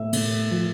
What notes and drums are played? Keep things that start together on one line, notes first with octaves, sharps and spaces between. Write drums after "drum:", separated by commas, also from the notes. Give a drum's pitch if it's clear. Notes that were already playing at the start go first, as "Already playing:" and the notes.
Already playing: A2 E5
A2, drum: cymbal
F3